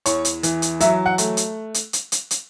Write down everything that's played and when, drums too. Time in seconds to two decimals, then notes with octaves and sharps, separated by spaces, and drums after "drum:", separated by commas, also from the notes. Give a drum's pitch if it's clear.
0.06 E2 C#5, drum: hi-hat
0.25 drum: hi-hat
0.43 E3, drum: hi-hat
0.62 drum: hi-hat
0.80 F#3 E5, drum: hi-hat
1.06 F#5
1.18 A3, drum: hi-hat
1.37 drum: hi-hat
1.74 drum: hi-hat
1.93 drum: hi-hat
2.12 drum: hi-hat
2.31 drum: hi-hat